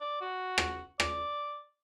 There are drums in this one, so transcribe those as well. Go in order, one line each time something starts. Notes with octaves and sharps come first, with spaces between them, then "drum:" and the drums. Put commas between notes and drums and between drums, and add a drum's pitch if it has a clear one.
D5
F#4
drum: rim click
D5, drum: rim click